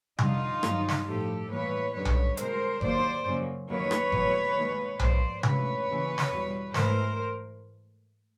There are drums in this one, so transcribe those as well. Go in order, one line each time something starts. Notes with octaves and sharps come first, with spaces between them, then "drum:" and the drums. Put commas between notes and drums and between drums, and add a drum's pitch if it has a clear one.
F2 D3 G3 D#4 F4, drum: tom C3
G2 D#3 F#3, drum: rim click
drum: snare
A2 F3 A3 G4 A4
A2 E3 G3 A#3 B4 C#5
F#2 D3 G3 B4 C#5
drum: tom B1
B2 G#3 A#4 C5, drum: hi-hat
D#2 D#3 F#3 A#3 C5 D5, drum: kick G1
F#2 C#3 F#3 A#3
D#2 D#3 F#3 A#3 B4 C#5
drum: rim click
E2 B2 F#3 A3, drum: kick G1
D#2 D#3 G#3
G#2 F3 A#3 C5 D5, drum: tom B1
D2 C#3 E3 G#3 B4 C#5, drum: tom C3
D#2 C#3 E3
drum: snare
E2 B2 G3
G#2 E3 A3 A#4 C5, drum: snare